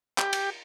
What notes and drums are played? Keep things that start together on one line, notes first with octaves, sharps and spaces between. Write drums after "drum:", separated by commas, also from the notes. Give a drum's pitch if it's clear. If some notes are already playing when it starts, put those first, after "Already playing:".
G4, drum: clap
drum: cymbal